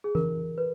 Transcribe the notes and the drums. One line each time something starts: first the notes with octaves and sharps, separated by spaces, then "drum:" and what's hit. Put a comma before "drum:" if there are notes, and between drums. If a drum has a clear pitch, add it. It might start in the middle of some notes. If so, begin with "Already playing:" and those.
G#4
A#4, drum: tom E3
B4